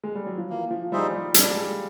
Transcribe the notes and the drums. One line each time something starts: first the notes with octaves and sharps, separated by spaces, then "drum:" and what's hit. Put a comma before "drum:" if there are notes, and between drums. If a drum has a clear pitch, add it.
G#3
G3
F#3
F3
E3 A#3
F3
G3 D#4 G#4 C5 E5
G3
G3 D4, drum: hi-hat
G#3